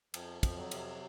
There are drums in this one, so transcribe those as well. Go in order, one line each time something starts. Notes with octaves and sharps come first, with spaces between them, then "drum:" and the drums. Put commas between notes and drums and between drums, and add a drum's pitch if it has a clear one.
F2 F3, drum: cymbal
F2, drum: kick, cymbal
F#3
C3, drum: cymbal